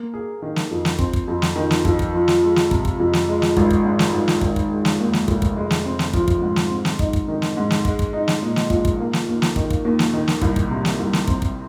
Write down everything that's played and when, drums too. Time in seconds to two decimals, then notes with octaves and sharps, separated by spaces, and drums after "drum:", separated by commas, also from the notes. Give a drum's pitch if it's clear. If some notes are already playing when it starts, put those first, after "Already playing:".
Already playing: A#3
0.14 G#4
0.42 D#3
0.56 drum: snare
0.71 F2
0.85 drum: snare
0.99 C4, drum: kick
1.13 drum: kick
1.28 F2
1.42 drum: snare
1.56 D#3
1.71 drum: snare
1.85 F2, drum: kick
1.99 drum: kick
2.14 F3
2.28 drum: snare
2.42 G#3
2.56 drum: snare
2.71 C3, drum: kick
2.85 drum: kick
3.00 F2
3.13 drum: snare
3.28 G#3
3.42 drum: snare
3.57 G#1, drum: kick
3.71 drum: kick
3.84 G#2
3.99 drum: snare
4.14 G#1
4.28 drum: snare
4.41 D#3, drum: kick
4.56 drum: kick
4.71 G#3
4.85 drum: snare
4.99 D#2
5.13 drum: snare
5.28 F1, drum: kick
5.42 drum: kick
5.56 G#3
5.70 drum: snare
5.85 C4
5.99 drum: snare
6.13 F3, drum: kick
6.28 drum: kick
6.42 G#2
6.56 drum: snare
6.71 C4
6.85 drum: snare
6.99 D#4, drum: kick
7.13 drum: kick
7.28 D#3
7.42 drum: snare
7.57 G#2
7.70 drum: snare
7.85 G#3, drum: kick
7.99 drum: kick
8.13 D#4
8.28 drum: snare
8.42 A#2
8.56 drum: snare
8.70 A#1, drum: kick
8.85 drum: kick
9.00 A#3
9.13 drum: snare
9.28 D#2
9.42 drum: snare
9.56 D#3, drum: kick
9.70 drum: kick
9.85 D#2
9.99 drum: snare
10.13 D#3
10.28 drum: snare
10.41 C2, drum: kick
10.56 drum: kick
10.71 C3
10.85 drum: snare
10.99 C2
11.13 drum: snare
11.27 C4, drum: kick
11.42 drum: kick